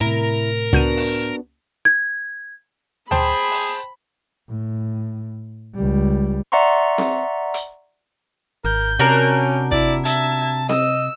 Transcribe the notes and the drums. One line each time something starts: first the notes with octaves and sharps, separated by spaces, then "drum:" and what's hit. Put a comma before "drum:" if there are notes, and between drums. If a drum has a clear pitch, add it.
A2 C3 E4 A#4
C#2 B3 D4 F#4 G6 D#7
drum: open hi-hat
G#6
G#4 C5 G5 A5 B5, drum: tom D2
drum: open hi-hat
A2
C#2 G3
D5 E5 F#5 A#5 C6 C#6
drum: snare C4
drum: hi-hat
G#1 A#4 G6
C3 C#4 D4 F#4 A#4
E4 D5, drum: kick
E5 A5 G#6, drum: hi-hat
D#5 E6, drum: snare C4